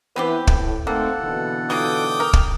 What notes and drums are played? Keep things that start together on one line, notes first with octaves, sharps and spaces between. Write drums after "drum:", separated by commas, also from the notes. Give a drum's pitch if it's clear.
E3 B3 C4 G4 B4
A2, drum: kick
D#3 A3 A#3 C4 A4 F#5
B2 D3 E3
F#3 D#4 F4 G5 D6 D#6
A#4
drum: kick